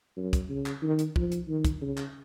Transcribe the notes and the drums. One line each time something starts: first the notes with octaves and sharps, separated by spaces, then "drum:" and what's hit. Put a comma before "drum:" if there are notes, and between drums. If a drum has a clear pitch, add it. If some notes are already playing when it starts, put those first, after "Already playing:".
F#2
drum: kick, hi-hat
C#3
drum: clap
D#3
drum: hi-hat
F3, drum: kick
drum: hi-hat
D#3
drum: kick, hi-hat
C#3
drum: clap